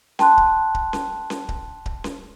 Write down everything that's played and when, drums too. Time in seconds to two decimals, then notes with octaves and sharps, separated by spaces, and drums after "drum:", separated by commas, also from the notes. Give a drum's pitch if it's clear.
0.19 G5 A5 C6 F#6, drum: snare C#4
0.37 drum: kick D1
0.75 drum: kick D1
0.93 drum: snare C#4
1.30 drum: snare C#4
1.49 drum: kick D1
1.86 drum: kick D1
2.04 drum: snare C#4